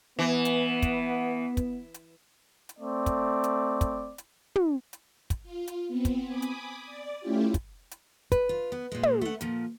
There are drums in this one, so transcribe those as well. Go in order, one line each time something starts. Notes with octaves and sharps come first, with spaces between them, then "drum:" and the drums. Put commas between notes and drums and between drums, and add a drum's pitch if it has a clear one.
E3 B3
drum: hi-hat
drum: kick, hi-hat
drum: kick, hi-hat
drum: hi-hat
drum: hi-hat
A3 C4 D5
drum: kick, hi-hat
drum: hi-hat
drum: kick, hi-hat
drum: hi-hat
drum: tom
drum: hi-hat
drum: kick, hi-hat
F4
drum: hi-hat
B3 C4
drum: kick, hi-hat
G#5 B5 D6 D#6
drum: hi-hat
D5
A3 C#4 E4 F4 G4
drum: kick, hi-hat
drum: hi-hat
B4, drum: kick, hi-hat
F4
B3
A#2 G#3
drum: tom
A3 F#5
A#2 F3, drum: hi-hat